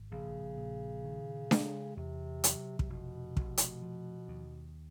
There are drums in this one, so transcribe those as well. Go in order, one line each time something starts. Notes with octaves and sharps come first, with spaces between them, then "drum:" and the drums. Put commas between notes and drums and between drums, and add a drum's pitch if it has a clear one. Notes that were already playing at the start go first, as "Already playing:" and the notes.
Already playing: G#1
A#1 C#3
A#2
D#3
G#3, drum: snare D4
E2 C3
F#3, drum: hi-hat
C3, drum: kick
F1 B2
F1, drum: kick
drum: hi-hat
F3
D#2